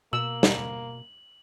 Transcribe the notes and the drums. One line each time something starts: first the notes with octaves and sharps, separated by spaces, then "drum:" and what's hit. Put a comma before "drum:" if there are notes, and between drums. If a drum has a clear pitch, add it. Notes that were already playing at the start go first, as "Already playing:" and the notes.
B2 A#3 E6 F#7
drum: snare